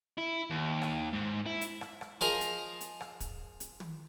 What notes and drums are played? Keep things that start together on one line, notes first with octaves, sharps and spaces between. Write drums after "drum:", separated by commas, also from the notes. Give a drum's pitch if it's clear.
E4
D#2
drum: rim click
G#2
E4
drum: hi-hat
drum: rim click
drum: rim click
F3 F4 G#4 A#4 D#5 A#5
drum: hi-hat
drum: hi-hat
drum: rim click
drum: kick, hi-hat
drum: hi-hat
drum: tom